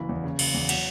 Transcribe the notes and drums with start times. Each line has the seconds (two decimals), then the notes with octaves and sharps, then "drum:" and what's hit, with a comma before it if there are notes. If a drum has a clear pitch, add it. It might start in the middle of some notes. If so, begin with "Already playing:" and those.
Already playing: F#1 E3 B5
0.09 E2
0.24 C#3
0.39 F#1, drum: cymbal
0.54 E2
0.69 F#3 F#5, drum: cymbal